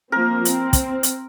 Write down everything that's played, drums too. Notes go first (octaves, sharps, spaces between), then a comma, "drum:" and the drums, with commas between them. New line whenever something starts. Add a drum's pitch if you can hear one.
F3 A#3 C4 A#4
C4, drum: hi-hat
drum: kick, hi-hat
drum: hi-hat